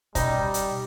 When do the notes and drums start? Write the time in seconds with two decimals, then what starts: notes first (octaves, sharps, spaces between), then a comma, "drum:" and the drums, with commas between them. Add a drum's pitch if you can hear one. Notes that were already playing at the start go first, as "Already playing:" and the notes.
0.15 B2 G3 C#4 D#4, drum: kick, hi-hat
0.54 drum: hi-hat